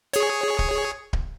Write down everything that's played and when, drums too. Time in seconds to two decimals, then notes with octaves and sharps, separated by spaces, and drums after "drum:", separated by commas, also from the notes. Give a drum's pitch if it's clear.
0.13 G#4 C#5, drum: hi-hat
0.59 drum: kick D1
1.13 drum: kick D1